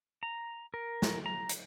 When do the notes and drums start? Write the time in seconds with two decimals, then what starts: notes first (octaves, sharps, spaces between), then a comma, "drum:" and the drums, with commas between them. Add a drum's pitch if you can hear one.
0.23 A#5
0.74 A#4
1.02 drum: snare
1.26 A#5
1.49 drum: hi-hat